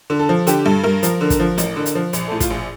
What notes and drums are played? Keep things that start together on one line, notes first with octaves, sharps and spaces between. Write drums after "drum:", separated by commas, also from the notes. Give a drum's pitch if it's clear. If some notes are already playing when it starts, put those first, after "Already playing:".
D3
A4
F3
D3 G4, drum: hi-hat
G2 A4
G2 A#4
F3, drum: hi-hat
D3
drum: kick, hi-hat
F3
A1, drum: hi-hat
D3
drum: hi-hat
F3
A#1, drum: hi-hat
A2 A4
F4, drum: kick, hi-hat
A#1